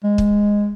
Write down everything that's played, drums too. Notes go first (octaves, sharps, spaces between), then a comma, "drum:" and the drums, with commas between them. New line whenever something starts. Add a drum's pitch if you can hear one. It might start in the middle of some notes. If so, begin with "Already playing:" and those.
G#3
drum: kick